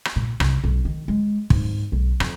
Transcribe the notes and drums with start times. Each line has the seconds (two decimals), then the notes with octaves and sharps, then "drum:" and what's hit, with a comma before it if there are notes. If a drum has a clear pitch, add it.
0.05 drum: rim click
0.16 A#2
0.40 C2, drum: rim click
0.64 B1
0.85 D#3
1.08 G#3
1.50 G#2, drum: kick
1.92 B1
2.20 F2, drum: rim click